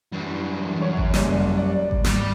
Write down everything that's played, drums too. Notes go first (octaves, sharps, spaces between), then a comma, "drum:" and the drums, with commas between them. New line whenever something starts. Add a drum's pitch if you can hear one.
F#2 E3 G3
F#2 C#5
drum: kick G#1
F#1 G3 D5 D#7, drum: snare
D5
drum: kick G#1
G#2 G3, drum: snare